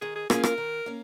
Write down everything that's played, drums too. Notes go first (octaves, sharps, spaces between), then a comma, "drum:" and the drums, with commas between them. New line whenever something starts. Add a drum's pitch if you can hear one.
D#3 G#4
G#4
A#3 C#4 F4 G#4, drum: rim click
A#4, drum: rim click
D#3
A#3 C#4